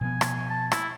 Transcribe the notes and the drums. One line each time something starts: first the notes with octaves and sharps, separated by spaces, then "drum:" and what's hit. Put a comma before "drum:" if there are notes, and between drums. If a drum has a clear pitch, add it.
B2 F3 B3 G#5
drum: rim click
A5
E4, drum: rim click